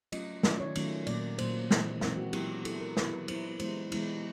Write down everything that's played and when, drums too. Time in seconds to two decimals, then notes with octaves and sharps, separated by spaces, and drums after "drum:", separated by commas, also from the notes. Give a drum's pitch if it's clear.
0.12 F#3 A3 C#4 F4 D#5, drum: cymbal
0.43 D#3 F#3 A3 C#4 F4 D5, drum: snare
0.60 C#5
0.75 D#3 F#3 A3 C#4 F4, drum: cymbal
1.07 A#2 F#3 A#3 D5, drum: cymbal
1.38 A#2 F#3 A#3 C5, drum: cymbal
1.71 E3 G#3 C4, drum: snare
2.01 E3 G#3 C4 A#4, drum: snare
2.17 F#4
2.33 F#3 B3 E4 G4, drum: cymbal
2.65 F#3 B3 E4 A4, drum: cymbal
2.81 A#4
2.97 F#3 B3 E4 B4, drum: snare
3.28 F#3 B3 E4 C5, drum: cymbal
3.59 E3 G#3 B3 E4 C5, drum: cymbal
3.92 E3 G#3 B3 E4, drum: cymbal